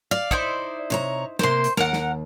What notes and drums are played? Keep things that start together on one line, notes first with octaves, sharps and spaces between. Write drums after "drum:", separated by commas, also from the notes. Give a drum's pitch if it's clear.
D5 F5
D#4 E4 C5, drum: kick
C3 C#5 A#5
C3 A#3 C5 C6, drum: snare
drum: hi-hat
D#2 A#4 F#5, drum: snare
drum: snare